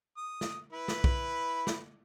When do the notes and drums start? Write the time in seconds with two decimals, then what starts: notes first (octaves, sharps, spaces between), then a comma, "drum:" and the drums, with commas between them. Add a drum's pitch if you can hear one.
0.17 D#6
0.41 drum: snare
0.73 E4 B4 B5
0.88 drum: snare
1.04 drum: kick
1.67 drum: snare